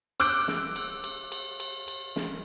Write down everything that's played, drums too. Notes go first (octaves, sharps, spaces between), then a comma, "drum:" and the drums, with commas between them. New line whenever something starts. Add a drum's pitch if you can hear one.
D6 E6 F#6 G6 D7, drum: cymbal
drum: snare
drum: cymbal
drum: cymbal
drum: cymbal
drum: cymbal
drum: cymbal
drum: snare